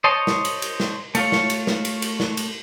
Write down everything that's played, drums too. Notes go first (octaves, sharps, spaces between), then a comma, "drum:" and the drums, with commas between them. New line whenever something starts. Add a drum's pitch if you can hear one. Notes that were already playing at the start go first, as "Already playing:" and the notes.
C5 C#5 D#5 A5
drum: snare
drum: cymbal
drum: cymbal
drum: snare
A3 F4 C#5, drum: cymbal
drum: snare
drum: cymbal
drum: snare
drum: cymbal
drum: cymbal
drum: snare
drum: cymbal